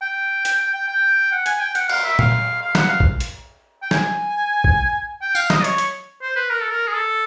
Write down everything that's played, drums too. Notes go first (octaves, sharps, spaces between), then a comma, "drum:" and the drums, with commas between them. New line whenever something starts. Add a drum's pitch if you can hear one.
G5
G5, drum: hi-hat
G5
G5
G5
F#5
G#5, drum: hi-hat
G5
F#5, drum: hi-hat
F5, drum: cymbal
E5
F5, drum: tom
F5
F#5, drum: snare
F5
drum: kick A1
drum: hi-hat
G5
G#5, drum: snare
drum: kick A1
G5
F5, drum: tambourine
D#5, drum: snare
C#5, drum: hi-hat
drum: hi-hat
C5
B4
A#4
A4
A#4
G#4
A4